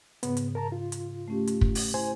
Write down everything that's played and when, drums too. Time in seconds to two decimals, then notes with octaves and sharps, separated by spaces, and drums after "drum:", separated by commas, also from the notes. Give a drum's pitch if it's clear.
0.23 G#2 C#3 B3, drum: hi-hat
0.37 drum: hi-hat
0.55 A#4 A5 A#5
0.72 F4
0.92 drum: hi-hat
1.28 A3 C#4 G4
1.47 drum: hi-hat
1.61 drum: kick
1.75 drum: open hi-hat
1.94 E4 C5 G#5